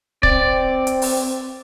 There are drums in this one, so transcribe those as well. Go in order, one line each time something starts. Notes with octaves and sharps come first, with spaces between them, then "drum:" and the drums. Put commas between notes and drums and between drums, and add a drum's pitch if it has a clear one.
C4 D5, drum: kick C#1
drum: hi-hat
drum: open hi-hat